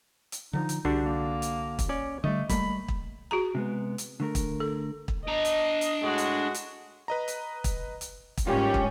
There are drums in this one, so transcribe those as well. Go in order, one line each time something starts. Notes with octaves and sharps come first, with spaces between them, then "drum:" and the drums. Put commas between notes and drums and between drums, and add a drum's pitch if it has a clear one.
drum: hi-hat
D3 F3 D#4
drum: hi-hat
C2 D3 D4 F#4 G4
A#3
drum: hi-hat
drum: kick, hi-hat
C#4 D5
D3 G3 A3 D#5
G3 A3 A#3 B5, drum: kick, hi-hat
drum: kick
F#4 G#4 A#5
C3 G#3 B3
drum: hi-hat
D3 A3 A#4
drum: kick, hi-hat
A4
drum: kick
D4 D#5 A#5
drum: hi-hat
drum: hi-hat
A2 G#3 F#4
drum: hi-hat
drum: hi-hat
B4 D#5 A#5
drum: hi-hat
drum: kick, hi-hat
drum: hi-hat
drum: kick, hi-hat
G#2 G3 A#3 C#4 F4 G4
drum: kick